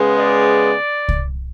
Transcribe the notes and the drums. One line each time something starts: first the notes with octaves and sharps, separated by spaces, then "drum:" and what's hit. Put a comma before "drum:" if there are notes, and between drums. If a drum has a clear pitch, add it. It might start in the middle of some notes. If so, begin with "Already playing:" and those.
Already playing: C#3 G#3 B3
D5
drum: kick C2